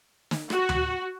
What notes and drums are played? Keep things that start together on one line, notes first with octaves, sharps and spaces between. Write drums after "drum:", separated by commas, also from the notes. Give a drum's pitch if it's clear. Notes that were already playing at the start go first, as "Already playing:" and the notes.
drum: snare
F#4, drum: rim click
drum: tom D2